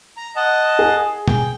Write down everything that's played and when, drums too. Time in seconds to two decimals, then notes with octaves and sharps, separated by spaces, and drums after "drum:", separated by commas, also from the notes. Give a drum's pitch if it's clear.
0.17 A#5
0.36 D#5 F#5 A5
0.79 G#4
1.28 G5, drum: tom